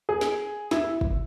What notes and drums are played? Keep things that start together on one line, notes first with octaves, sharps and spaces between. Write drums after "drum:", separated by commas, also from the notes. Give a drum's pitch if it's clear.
G#4
drum: snare
E4, drum: snare
drum: kick